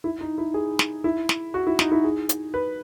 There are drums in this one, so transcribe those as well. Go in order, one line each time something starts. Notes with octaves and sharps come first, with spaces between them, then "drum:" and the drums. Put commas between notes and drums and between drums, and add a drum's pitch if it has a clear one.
E4
D#4
E4
G#4
drum: snare
E4
drum: snare
F#4
E4
D#4, drum: snare
E4
G#4
drum: hi-hat
B4